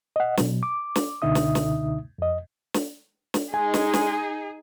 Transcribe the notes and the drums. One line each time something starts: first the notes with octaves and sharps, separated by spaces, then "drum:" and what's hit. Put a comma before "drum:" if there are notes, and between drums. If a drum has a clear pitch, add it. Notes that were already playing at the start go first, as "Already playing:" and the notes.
D#5 F#5
B2 F#3, drum: snare
D6
drum: snare
C#2 B2 D3 D#4 E5 D#6
drum: snare
drum: snare
F2 D#5
drum: snare
drum: snare
G#3 D#4 G#4 G#5
drum: snare
drum: snare